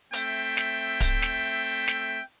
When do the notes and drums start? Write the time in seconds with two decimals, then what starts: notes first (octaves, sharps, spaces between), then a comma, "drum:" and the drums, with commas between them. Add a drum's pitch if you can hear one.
0.13 A3 C4 E5 G5, drum: hi-hat
0.57 drum: snare
1.00 drum: kick D1, hi-hat
1.22 drum: snare
1.87 drum: snare